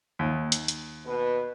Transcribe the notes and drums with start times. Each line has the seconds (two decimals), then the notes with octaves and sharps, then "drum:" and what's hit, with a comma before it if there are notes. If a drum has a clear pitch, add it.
0.19 D#2
0.52 drum: hi-hat
0.68 drum: hi-hat
1.05 B2 B4